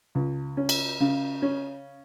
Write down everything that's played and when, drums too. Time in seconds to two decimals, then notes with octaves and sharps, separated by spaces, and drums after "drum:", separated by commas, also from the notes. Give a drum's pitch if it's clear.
0.15 C#2
0.57 C#4
0.69 drum: cymbal
1.00 C#3
1.42 C#4